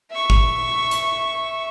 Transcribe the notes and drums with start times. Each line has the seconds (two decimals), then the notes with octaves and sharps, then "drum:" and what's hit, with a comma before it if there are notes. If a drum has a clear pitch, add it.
0.11 E5 C#6
0.30 drum: kick
0.91 drum: hi-hat